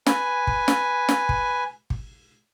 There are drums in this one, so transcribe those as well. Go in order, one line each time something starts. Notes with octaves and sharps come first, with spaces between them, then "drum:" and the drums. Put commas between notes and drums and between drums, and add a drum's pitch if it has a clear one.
B4 G#5, drum: snare
drum: kick G#1
drum: snare
drum: snare
drum: kick G#1
drum: kick G#1